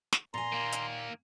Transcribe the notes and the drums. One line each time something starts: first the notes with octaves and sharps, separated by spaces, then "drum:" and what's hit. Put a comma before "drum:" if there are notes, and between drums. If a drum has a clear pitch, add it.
drum: snare
A#2 G#5 A#5 C6
D#3 A#3
drum: hi-hat